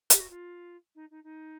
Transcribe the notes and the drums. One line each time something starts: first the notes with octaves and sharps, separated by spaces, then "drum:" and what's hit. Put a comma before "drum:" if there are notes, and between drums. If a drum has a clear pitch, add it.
G4, drum: hi-hat
F#4
F4
D#4
D#4
D#4